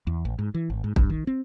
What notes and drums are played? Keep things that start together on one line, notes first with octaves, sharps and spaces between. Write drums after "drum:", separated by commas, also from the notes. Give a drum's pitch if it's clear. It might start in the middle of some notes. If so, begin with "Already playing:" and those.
E2
A1
G#2
E3
G#1
G#2
G2, drum: kick
D#3
C4